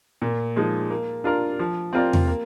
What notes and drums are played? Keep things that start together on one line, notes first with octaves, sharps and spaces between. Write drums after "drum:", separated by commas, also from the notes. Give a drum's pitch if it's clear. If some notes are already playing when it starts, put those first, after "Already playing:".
A#2
F3 G#3 D#4
A#3
D4 F4 A#4 D5
F3
C4 F4 A#4 D5
drum: tom E2
A#3